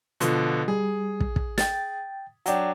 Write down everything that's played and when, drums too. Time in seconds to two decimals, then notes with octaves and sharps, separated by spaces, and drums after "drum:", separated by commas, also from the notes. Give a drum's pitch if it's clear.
0.20 B2 D3 F3, drum: hi-hat
0.68 G3 G#4
1.20 drum: kick
1.36 drum: kick
1.58 G5 A6, drum: snare
2.46 F#3 D4 F#5 G5, drum: hi-hat